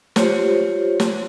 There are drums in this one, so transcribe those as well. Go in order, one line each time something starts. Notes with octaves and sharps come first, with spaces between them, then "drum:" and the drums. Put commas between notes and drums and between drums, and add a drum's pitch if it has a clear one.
F4 G4 C5 C#5, drum: snare
drum: snare